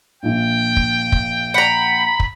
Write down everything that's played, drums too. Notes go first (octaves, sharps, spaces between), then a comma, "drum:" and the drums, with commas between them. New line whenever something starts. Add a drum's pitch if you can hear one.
A#1 A#2 G5
drum: kick
drum: kick
F#5 A#5 B5
drum: kick